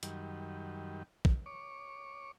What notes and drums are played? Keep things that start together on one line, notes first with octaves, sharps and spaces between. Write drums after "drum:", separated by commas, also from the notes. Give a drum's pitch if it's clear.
F#2 D#3 G3, drum: hi-hat
drum: kick
C#5 C#6 D6